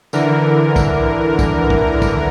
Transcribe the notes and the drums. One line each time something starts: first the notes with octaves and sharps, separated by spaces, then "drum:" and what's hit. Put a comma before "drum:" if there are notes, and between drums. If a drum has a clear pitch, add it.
D3 E3 A#4, drum: tambourine
drum: kick, tambourine
drum: kick, tambourine
drum: kick
drum: kick, tambourine